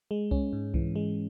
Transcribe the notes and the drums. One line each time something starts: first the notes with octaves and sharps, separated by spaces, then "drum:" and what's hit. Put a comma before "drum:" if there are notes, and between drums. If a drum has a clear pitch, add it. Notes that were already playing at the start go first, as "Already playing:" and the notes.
G#3
C#4, drum: kick C2
G#2
E3, drum: kick C2
G#3